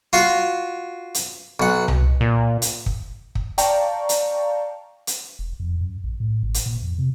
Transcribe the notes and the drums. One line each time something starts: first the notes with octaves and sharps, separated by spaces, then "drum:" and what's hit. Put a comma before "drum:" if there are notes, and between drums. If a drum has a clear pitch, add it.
F4 F#4 F5
drum: hi-hat
B1 F#5
drum: tom C2
A#2
drum: hi-hat
drum: kick
drum: kick
D5 F5 G5 A5 A#5 C#6, drum: hi-hat
drum: hi-hat
drum: hi-hat
E1
F2
F#2
A#1
A2
G#1
drum: hi-hat
A#2
F2
C3